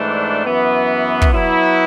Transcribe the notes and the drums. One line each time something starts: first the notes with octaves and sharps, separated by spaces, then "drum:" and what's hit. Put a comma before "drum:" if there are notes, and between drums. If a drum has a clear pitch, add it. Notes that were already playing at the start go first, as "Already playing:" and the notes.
Already playing: G#2 E3 A3 D4
F#2 E3 B3
drum: kick
F#3 B3 E4